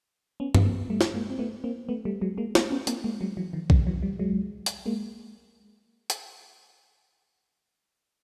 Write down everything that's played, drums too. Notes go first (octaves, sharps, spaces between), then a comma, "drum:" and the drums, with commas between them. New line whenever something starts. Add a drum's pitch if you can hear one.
B3 C#4
B3, drum: tom
A#3 C4
G3 A3
drum: snare
G#3 A#3
C4
A3 B3
A#3 C4
A3 B3
G3 A3
F#3 G#3
G#3 A#3
A3 B3, drum: snare
B3 C#4
A#3 C4, drum: hi-hat
G#3 A#3
F#3 G#3
E3 F#3
D#3 F3
D#3 F3, drum: kick A#1
E3 F#3
F3 G3
F#3 G#3
drum: hi-hat
G#3 A#3
drum: hi-hat